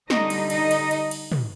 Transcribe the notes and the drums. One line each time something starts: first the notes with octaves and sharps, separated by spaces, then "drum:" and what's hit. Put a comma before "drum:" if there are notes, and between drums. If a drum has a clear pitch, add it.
D3 G3 D#4 D#5, drum: snare
drum: cymbal
D#4 D#5, drum: cymbal
drum: cymbal
drum: cymbal
drum: cymbal
drum: tom